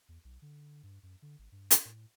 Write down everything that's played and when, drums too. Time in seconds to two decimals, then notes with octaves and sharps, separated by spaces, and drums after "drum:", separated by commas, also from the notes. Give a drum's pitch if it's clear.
0.09 E2
0.25 B1
0.42 D3
0.83 G2
1.03 F#2
1.22 D3
1.39 G#1
1.52 G2
1.71 drum: hi-hat
1.85 A2